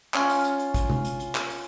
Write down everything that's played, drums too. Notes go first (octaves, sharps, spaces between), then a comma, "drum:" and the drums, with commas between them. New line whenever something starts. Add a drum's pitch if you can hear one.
C#4 F4, drum: clap
drum: open hi-hat
drum: hi-hat
drum: hi-hat
drum: kick, hi-hat
drum: tom C3
drum: hi-hat
drum: hi-hat
drum: clap
drum: open hi-hat